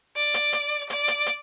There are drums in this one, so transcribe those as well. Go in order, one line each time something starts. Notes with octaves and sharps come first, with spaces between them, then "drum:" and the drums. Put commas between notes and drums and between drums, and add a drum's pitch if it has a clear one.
D5
drum: hi-hat
drum: hi-hat
D5, drum: hi-hat
drum: hi-hat
drum: hi-hat